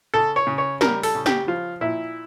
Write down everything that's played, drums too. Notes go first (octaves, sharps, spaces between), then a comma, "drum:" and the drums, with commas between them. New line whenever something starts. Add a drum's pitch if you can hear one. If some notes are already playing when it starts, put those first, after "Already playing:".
C#3 A4
C#5
C#3
C#5
G3 A#4, drum: snare
A4, drum: open hi-hat
C#3
G4, drum: snare
F3 F4
A#2 E4